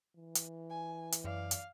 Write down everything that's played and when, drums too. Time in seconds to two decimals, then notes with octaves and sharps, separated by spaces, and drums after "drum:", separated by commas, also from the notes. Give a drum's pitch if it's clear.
0.16 E3
0.35 drum: hi-hat
0.70 G#5
1.12 drum: hi-hat
1.24 F#2 D5 F5
1.51 drum: hi-hat